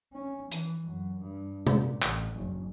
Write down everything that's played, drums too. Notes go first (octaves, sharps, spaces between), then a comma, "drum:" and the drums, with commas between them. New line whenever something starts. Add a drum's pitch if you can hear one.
C#4
E3, drum: hi-hat
F#2
G2
A#2, drum: tom C3
A1, drum: clap
F#1